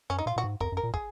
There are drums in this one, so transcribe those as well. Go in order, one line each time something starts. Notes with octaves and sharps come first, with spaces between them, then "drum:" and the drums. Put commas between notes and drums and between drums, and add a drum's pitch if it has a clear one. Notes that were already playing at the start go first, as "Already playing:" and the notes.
F#2 C#4
D#4
A#2 F4
A#2 F#4
G#2
F2 A#4, drum: kick
F#2
A#4
A#2
G#4, drum: kick